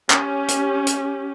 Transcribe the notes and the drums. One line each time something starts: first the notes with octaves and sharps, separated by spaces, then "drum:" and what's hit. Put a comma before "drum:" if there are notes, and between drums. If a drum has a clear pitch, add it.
C#4 G4, drum: clap
drum: hi-hat
drum: hi-hat